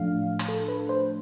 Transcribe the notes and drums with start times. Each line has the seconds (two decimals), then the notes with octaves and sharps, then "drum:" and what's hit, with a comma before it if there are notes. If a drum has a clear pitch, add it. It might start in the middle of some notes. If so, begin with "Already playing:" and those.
Already playing: A2 F3 A3 D4 F5
0.39 drum: hi-hat
0.48 A4
0.68 B4
0.89 C5